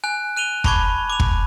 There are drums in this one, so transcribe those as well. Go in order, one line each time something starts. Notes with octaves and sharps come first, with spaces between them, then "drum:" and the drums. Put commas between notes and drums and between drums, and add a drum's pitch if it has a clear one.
G#5 F#6
F#6 D#7 F7 G7
A5 B5 C#6 D6 G#6, drum: kick
D6 F7
drum: kick